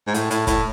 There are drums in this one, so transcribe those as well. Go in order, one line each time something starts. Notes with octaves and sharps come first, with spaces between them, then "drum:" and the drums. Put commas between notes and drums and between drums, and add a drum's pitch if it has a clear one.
G#2
A2, drum: hi-hat
A2, drum: hi-hat
A2, drum: kick, hi-hat